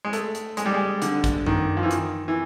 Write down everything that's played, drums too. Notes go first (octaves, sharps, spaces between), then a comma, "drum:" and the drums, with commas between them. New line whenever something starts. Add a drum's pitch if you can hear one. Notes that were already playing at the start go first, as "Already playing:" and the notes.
G#3
A3, drum: hi-hat
drum: hi-hat
G#3, drum: hi-hat
G3
G#3
D3, drum: hi-hat
drum: kick, hi-hat
D#3, drum: tom F#2
F3
E3
D#3, drum: hi-hat
E3